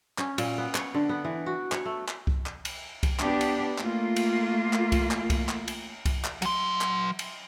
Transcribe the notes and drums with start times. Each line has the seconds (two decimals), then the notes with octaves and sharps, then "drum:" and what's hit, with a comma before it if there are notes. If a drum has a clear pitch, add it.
0.18 C#4, drum: clap
0.38 A#2, drum: cymbal
0.58 B3
0.75 C#5, drum: clap
0.94 D3
1.09 B3
1.25 E3
1.46 F#4
1.72 C#5, drum: clap
1.86 A3
2.08 drum: clap
2.27 drum: kick C2
2.46 drum: clap
2.65 drum: cymbal
3.03 drum: kick C2, cymbal
3.19 B3 D4 G4, drum: clap
3.41 drum: cymbal
3.78 A3 A#3 F4, drum: clap
4.16 drum: cymbal
4.73 drum: clap
4.92 drum: kick C2, cymbal
5.11 drum: clap
5.30 drum: kick C2, cymbal
5.49 drum: clap
5.68 drum: cymbal
6.05 drum: kick C2, cymbal
6.24 drum: clap
6.42 F#3 C6, drum: cymbal
6.81 drum: clap
7.19 drum: cymbal